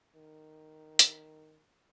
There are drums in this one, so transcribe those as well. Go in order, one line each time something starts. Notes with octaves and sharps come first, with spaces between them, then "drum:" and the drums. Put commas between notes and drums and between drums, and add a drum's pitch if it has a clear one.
D#3
drum: hi-hat